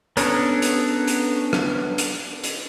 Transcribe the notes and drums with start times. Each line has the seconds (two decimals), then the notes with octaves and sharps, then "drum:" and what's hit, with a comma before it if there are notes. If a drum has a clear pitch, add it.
0.17 B3 C#4 D4 A4 A#4, drum: hi-hat
0.62 drum: hi-hat
1.08 drum: hi-hat
1.53 drum: rim click
1.98 drum: hi-hat
2.44 drum: hi-hat